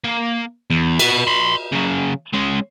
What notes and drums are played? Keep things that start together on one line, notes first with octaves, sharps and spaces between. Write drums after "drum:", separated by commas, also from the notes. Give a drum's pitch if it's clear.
A#3
E2
F#4 B4, drum: cymbal
B5 C6
C#3 F#3
G#3 C#4